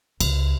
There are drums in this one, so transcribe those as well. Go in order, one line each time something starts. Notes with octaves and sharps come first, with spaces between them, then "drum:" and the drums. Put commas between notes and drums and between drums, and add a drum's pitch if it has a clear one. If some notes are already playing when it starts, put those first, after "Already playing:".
C#2, drum: cymbal